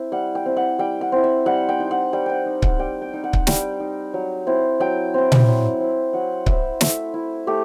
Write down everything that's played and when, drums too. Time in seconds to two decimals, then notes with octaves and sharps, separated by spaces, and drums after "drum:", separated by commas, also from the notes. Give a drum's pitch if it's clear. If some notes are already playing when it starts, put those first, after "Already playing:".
Already playing: C4 E4
0.12 G3 F#5
0.35 G5
0.46 C4 E4
0.57 F#5
0.79 G3 G5
1.01 F#5
1.12 C4 E4
1.24 E5
1.46 G3 F#5
1.69 G5
1.80 D#4
1.91 F#5
2.13 G3 G5
2.26 F#5 G5
2.46 D#4
2.62 F#5, drum: kick C#1
2.79 G3 G5
3.02 G5
3.14 D#4
3.24 F#5
3.33 drum: kick C#1
3.47 G3 G5, drum: snare
3.80 D#4
4.14 F#3
4.47 C4 E4
4.80 F#3 G5
5.14 C4 E4
5.32 drum: tom A#2
5.47 F#3
5.80 C4 E4
6.13 F#3 F#5
6.46 C4 E4 E5, drum: kick C#1
6.81 A3 E5, drum: snare
7.14 E4
7.47 A3 G4